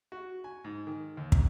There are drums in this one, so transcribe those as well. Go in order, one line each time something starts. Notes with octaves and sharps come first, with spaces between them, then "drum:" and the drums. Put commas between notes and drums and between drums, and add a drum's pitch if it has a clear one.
F#4
G#5
G#2
D#3
D#2
drum: kick